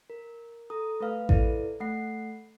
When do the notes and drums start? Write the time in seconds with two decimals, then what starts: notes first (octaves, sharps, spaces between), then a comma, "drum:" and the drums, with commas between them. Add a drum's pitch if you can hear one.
0.10 A#4
0.70 A4 A#5 D#6
1.00 A3 B4 F5 F6
1.29 E4 A4 B4 D5, drum: kick A1
1.80 A3 F#5 C7